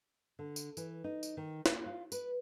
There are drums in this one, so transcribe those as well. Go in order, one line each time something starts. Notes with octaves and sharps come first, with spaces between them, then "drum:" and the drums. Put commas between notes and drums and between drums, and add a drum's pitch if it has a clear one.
D3
drum: tambourine
E3, drum: tambourine
D#4
drum: tambourine
D#3
A#3, drum: snare
F4
B4, drum: tambourine